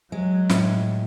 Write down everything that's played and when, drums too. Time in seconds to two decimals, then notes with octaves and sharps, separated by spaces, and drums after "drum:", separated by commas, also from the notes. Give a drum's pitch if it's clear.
0.12 F#3 G#3
0.50 A2, drum: snare